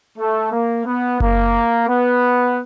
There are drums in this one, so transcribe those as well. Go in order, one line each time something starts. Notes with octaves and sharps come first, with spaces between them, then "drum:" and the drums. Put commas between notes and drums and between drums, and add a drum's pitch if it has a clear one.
A3
A#3
B3
A#3, drum: kick F#1
B3